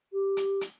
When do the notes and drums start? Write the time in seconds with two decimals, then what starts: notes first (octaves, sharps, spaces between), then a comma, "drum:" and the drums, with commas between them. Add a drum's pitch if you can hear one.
0.12 G4
0.37 drum: hi-hat
0.61 drum: hi-hat